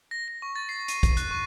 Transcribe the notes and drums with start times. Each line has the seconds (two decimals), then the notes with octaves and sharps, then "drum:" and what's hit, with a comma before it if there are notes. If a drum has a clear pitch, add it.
0.11 A#6
0.28 A#6
0.42 C#6
0.56 A6
0.69 C7
0.88 D#7, drum: hi-hat
1.03 drum: kick, hi-hat
1.17 F#6, drum: hi-hat
1.31 C#6